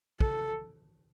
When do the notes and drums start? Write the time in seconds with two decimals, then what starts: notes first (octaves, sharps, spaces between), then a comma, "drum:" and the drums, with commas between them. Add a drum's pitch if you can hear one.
0.20 A4, drum: kick